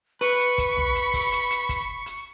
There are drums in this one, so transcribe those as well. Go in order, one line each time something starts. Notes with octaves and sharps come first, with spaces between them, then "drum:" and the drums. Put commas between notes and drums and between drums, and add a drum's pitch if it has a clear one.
B4 B5 C#6, drum: open hi-hat
drum: hi-hat
drum: kick, hi-hat
drum: tom
drum: hi-hat
drum: kick, open hi-hat
drum: hi-hat
drum: hi-hat
drum: kick, hi-hat
drum: hi-hat